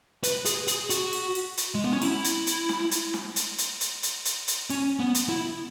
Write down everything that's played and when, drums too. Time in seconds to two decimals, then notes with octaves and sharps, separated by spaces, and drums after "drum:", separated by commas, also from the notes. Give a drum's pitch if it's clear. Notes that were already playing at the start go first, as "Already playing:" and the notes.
0.23 B4, drum: hi-hat
0.45 G#4, drum: hi-hat
0.68 G#4, drum: hi-hat
0.90 F#4, drum: hi-hat
1.13 drum: open hi-hat
1.35 drum: open hi-hat
1.57 drum: hi-hat
1.75 G#3
1.84 B3
1.93 C#4
2.02 E4, drum: open hi-hat
2.24 drum: hi-hat
2.47 drum: hi-hat
2.69 drum: snare
2.91 drum: hi-hat
3.14 drum: snare
3.36 drum: hi-hat
3.58 drum: hi-hat
3.81 drum: hi-hat
4.03 drum: hi-hat
4.25 drum: hi-hat
4.48 drum: hi-hat
4.70 C#4, drum: open hi-hat
5.00 B3
5.15 drum: hi-hat
5.29 E4